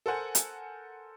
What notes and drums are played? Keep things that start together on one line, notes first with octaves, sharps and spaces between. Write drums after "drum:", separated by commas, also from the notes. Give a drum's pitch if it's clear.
A4 A#4 C5 F#5 G#5
drum: hi-hat